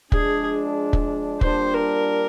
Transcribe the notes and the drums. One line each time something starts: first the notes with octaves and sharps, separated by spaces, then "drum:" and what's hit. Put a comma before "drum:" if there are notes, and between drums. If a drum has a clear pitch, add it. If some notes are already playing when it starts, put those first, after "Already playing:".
F3 G#3 D4 G#4, drum: kick
drum: kick
A#2 G3 D4 C5, drum: kick
A#4